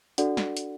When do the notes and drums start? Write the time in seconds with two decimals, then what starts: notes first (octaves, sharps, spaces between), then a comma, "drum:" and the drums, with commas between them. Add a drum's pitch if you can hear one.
0.18 D4 F#4 A4 D5 F#5, drum: hi-hat
0.37 drum: snare
0.57 drum: hi-hat